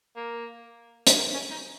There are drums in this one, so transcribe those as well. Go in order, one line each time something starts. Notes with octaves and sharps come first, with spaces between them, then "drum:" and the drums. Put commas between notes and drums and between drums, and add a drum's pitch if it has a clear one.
A#3
drum: hi-hat
A#3
C#4
D#4